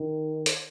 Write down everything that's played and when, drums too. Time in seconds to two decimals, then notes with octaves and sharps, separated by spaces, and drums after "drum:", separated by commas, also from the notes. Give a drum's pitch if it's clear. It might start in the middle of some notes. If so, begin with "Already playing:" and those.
Already playing: D#3
0.46 drum: hi-hat